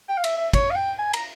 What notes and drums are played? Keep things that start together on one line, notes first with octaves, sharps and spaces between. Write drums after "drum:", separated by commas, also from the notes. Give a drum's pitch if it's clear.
G5
F5
E5, drum: cymbal
E5
C#5, drum: kick, cymbal
F5
G5
G#5
A#5, drum: cymbal